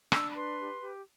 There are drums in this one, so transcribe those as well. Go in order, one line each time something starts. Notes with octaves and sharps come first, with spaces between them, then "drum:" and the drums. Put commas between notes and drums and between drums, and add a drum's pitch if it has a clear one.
D4 E6, drum: rim click
B5
B4 C6
G4
G4